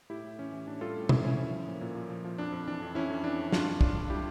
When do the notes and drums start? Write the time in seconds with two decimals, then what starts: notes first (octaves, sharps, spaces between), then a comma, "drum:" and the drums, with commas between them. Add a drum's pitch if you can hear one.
0.10 A2 E4 G4
0.24 A2
0.39 E3 C#4
0.52 E3
0.67 A2 D4
0.81 G3 F4 A4
0.96 A2
1.09 E3 C#4 E4, drum: tom B2
1.24 F3 C#4 E4
1.38 F3
1.53 F3
1.67 A#2
1.81 A#2
1.95 F3
2.09 F3
2.24 F3
2.38 F2 D4
2.52 F2
2.68 E3 D4
2.82 F2
2.95 E3 C#4 E4
3.10 F2
3.24 E3 D4
3.39 F2
3.52 G2 D4 F4, drum: snare
3.66 G2
3.81 D3 D4 F4, drum: kick
3.95 G2
4.10 E4 G4